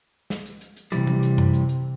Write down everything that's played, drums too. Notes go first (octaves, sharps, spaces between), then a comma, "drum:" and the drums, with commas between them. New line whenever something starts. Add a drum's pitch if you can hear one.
drum: snare
drum: hi-hat
drum: hi-hat
drum: hi-hat
C3 E3 G3, drum: hi-hat
drum: tom
drum: hi-hat
drum: tom F#2
drum: hi-hat
drum: hi-hat